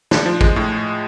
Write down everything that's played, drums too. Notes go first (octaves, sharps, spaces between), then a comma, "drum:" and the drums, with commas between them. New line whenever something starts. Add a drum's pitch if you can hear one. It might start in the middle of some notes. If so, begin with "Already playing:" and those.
D4, drum: snare
F3
G#3, drum: kick G#1
A2